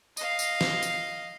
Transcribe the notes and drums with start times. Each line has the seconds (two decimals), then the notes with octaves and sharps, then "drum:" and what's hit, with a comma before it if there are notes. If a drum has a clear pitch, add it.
0.17 D#5 F5, drum: tambourine
0.39 drum: tambourine
0.61 drum: snare
0.83 drum: tambourine